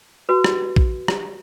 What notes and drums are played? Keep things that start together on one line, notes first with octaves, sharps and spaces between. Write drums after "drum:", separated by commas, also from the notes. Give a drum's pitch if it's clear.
F#4 B4
drum: rim click
drum: kick
drum: rim click